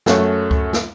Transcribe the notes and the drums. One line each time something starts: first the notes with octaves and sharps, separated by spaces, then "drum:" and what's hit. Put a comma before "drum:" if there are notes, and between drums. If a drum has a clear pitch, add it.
F#2 A3 C#4 F#4, drum: snare
drum: kick C#2
drum: snare